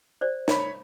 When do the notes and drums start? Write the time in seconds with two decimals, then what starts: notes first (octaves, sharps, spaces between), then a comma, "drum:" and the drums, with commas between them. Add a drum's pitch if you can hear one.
0.21 C5 D5
0.48 C#5 B5, drum: snare